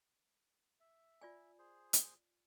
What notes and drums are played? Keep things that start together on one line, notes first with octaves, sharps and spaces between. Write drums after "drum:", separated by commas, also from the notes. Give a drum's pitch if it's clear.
E5
F4 D5 G#5
G#4 C5
drum: hi-hat